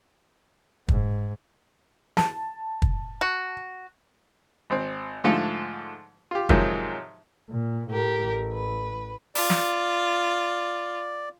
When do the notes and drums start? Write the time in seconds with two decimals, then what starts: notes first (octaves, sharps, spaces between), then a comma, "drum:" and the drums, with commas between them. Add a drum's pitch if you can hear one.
0.88 G#2, drum: kick
2.17 A5, drum: snare
2.82 drum: kick
3.21 F#4
4.70 G#1 C4
5.24 G#2 D3 F3 A3 A4 F5
6.31 F4 G4
6.49 G#2 C3 D#3 F3 F#3 G#3, drum: kick
7.50 A#2
7.91 A2 G4 A#4
8.24 A1
8.53 B4
9.35 F4 D5, drum: open hi-hat
9.50 drum: snare